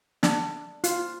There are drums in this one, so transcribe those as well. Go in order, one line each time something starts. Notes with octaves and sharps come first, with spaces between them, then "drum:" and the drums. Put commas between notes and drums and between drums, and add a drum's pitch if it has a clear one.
D4, drum: snare
F4, drum: hi-hat